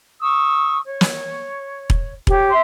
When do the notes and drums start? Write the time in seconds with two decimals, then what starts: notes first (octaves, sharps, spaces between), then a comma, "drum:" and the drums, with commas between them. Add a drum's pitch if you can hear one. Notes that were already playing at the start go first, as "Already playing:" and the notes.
0.21 C#6 D#6 E6
0.85 C#5
1.01 drum: snare
1.90 drum: kick E1
2.27 G4 C#5, drum: kick E1
2.50 E5 C6